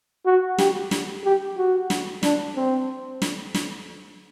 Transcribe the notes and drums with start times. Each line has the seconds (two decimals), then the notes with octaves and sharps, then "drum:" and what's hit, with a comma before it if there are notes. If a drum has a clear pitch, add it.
0.26 F#4
0.58 G4, drum: snare
0.91 drum: snare
1.24 G4
1.57 F#4
1.90 drum: snare
2.23 D4, drum: snare
2.56 C4
3.22 drum: snare
3.54 drum: snare